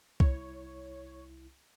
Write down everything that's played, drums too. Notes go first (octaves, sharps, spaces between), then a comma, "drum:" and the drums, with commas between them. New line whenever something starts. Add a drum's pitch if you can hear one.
C2 E4 C#5, drum: kick C2